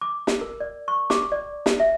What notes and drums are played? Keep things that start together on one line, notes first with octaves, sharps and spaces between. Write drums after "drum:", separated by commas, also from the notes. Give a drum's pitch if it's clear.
D6
drum: snare
A#4
D5
C#6
D6, drum: snare
D5
drum: snare
E5